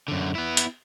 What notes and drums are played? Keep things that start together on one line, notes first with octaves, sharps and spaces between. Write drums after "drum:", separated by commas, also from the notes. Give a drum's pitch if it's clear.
F#2 D3
B3 E4
drum: hi-hat